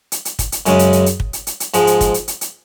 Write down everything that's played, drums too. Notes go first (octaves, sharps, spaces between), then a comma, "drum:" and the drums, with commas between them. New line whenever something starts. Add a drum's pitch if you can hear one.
drum: hi-hat
drum: hi-hat
drum: kick, hi-hat
drum: hi-hat
F#2 C#3 G#3 C#4, drum: hi-hat
drum: hi-hat
drum: hi-hat
drum: hi-hat
drum: kick
drum: hi-hat
drum: hi-hat
drum: hi-hat
G#2 F3 G#3, drum: hi-hat
drum: hi-hat
drum: kick, hi-hat
drum: hi-hat
drum: hi-hat
drum: hi-hat